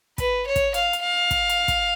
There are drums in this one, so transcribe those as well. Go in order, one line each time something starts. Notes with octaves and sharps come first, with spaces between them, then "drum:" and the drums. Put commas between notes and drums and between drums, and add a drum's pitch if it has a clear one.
B4, drum: kick, hi-hat
C#5
drum: kick, hi-hat
F5, drum: hi-hat
drum: hi-hat
F5
drum: kick, hi-hat
drum: hi-hat
drum: kick, hi-hat